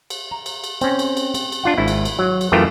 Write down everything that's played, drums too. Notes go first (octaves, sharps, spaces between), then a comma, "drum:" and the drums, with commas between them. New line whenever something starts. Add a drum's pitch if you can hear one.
drum: cymbal
A#5
drum: cymbal
drum: cymbal
C4 C#4, drum: cymbal
drum: cymbal
drum: cymbal
drum: cymbal
drum: cymbal
D4 F4 F#5
G#1 E4
drum: cymbal
drum: cymbal
F#3
drum: cymbal
F#2 E3 A3 F4 A#4 G5